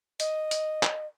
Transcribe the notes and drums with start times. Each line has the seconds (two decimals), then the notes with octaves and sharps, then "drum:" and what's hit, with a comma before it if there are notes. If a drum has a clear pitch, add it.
0.20 D#5, drum: hi-hat
0.51 drum: hi-hat
0.83 drum: clap